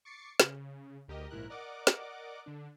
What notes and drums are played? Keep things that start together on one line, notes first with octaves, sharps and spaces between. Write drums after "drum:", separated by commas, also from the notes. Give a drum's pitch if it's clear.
C#6 D6 A6 C7 C#7
C#3, drum: snare
D2 G4 A#4 D#5
A#1 G#2 E4 A#4 F#6
A#4 D5 D#5 F#5 D6
drum: snare
D3 D4